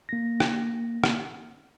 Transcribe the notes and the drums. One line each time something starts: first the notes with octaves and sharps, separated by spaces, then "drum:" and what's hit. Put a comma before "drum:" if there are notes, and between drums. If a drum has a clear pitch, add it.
A#3 A#6
drum: rim click
drum: rim click